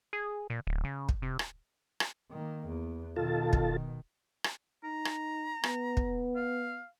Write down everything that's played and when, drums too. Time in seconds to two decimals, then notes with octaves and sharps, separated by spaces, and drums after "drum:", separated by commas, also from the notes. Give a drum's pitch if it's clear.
0.13 G#4
0.50 A#2
0.67 D1
0.84 C#3
1.09 drum: kick
1.22 C3
1.39 drum: rim click
2.00 drum: rim click
2.31 D#3 A#3
2.68 E2
3.16 B2 D#3 F4 A4 A5
3.53 drum: kick
4.44 drum: rim click
4.84 D#4 A#5
5.05 drum: rim click
5.63 B3, drum: rim click
5.97 drum: kick
6.36 F5